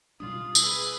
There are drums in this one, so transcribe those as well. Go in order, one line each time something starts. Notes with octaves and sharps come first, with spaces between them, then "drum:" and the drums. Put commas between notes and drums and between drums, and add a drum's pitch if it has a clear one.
B2 G3 D4 F4 D#6
G#4 B4 E6 F#7, drum: tambourine